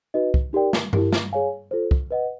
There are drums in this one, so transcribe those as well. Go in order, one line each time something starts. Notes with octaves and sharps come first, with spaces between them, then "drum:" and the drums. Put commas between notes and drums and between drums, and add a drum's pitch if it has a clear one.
D#4 F#4 B4 D#5
drum: kick
D#4 G4 A#4 D5 G5
drum: snare
E4 G4 A#4, drum: tom G2
drum: snare
G#4 C#5 F5 G#5
F4 A4 C5
drum: kick
B4 D#5 F#5